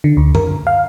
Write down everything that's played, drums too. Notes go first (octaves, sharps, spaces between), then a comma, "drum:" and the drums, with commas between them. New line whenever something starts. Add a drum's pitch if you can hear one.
D3
D2
A#4, drum: tom F#2
F5